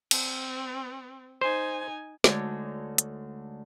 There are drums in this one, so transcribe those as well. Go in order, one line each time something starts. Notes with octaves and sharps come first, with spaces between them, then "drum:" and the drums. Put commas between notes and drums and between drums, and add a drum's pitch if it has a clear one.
C4, drum: cymbal
D#4 C5 G#5
D2 D3 G#3 D#4 C#5 D5, drum: snare
drum: hi-hat